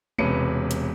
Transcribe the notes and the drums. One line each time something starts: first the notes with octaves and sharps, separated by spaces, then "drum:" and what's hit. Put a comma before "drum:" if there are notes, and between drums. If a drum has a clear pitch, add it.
E1 C3 C#4 B4 C#7 D#7, drum: tom
drum: hi-hat